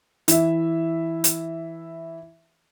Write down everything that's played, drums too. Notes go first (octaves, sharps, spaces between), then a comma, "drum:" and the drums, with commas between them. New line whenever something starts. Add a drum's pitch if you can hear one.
E3 E5, drum: hi-hat
drum: hi-hat